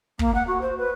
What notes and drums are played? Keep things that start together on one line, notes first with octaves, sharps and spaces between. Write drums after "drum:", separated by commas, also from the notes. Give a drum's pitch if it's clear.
A#3, drum: kick
F#5
F#4
C5
B4